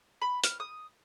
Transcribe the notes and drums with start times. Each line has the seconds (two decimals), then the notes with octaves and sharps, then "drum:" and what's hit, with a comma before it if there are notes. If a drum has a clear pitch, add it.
0.22 B5
0.44 F6, drum: hi-hat
0.60 D#6